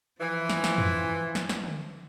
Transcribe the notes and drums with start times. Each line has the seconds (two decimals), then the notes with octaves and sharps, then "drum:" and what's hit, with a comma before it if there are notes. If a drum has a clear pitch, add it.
0.21 E3 F3
0.50 drum: snare
0.64 drum: snare
0.78 drum: tom F2
1.35 drum: snare
1.49 drum: snare
1.64 drum: tom D3